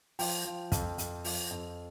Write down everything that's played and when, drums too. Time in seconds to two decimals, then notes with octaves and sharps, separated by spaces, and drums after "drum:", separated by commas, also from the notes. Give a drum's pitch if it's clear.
0.19 F3 G5, drum: open hi-hat
0.45 F3
0.72 F2, drum: kick, hi-hat
0.98 F2, drum: hi-hat
1.24 F3, drum: open hi-hat
1.51 F2